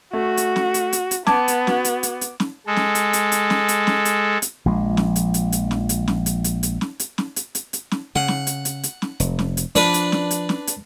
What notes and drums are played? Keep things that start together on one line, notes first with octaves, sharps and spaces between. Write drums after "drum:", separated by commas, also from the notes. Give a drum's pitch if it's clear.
A3 F#4
drum: hi-hat
drum: snare
drum: hi-hat
drum: hi-hat
drum: hi-hat
B3 A5 D6 G#6, drum: snare
drum: hi-hat
F#4, drum: snare
drum: hi-hat
drum: hi-hat
drum: hi-hat
drum: snare
G#3 A4
drum: snare
drum: hi-hat
drum: hi-hat
drum: hi-hat
drum: snare
drum: hi-hat
drum: snare
drum: hi-hat
drum: hi-hat
A#1 F3 G#3
drum: snare
drum: hi-hat
drum: hi-hat
drum: hi-hat
drum: snare
drum: hi-hat
drum: snare
drum: hi-hat
drum: hi-hat
drum: hi-hat
drum: snare
drum: hi-hat
drum: snare
drum: hi-hat
drum: hi-hat
drum: hi-hat
drum: snare
C#3 F#5
drum: snare
drum: hi-hat
drum: hi-hat
drum: hi-hat
drum: snare
F1, drum: hi-hat
drum: snare
drum: hi-hat
F3 D4 B4, drum: hi-hat
drum: hi-hat
drum: snare
drum: hi-hat
drum: snare
drum: hi-hat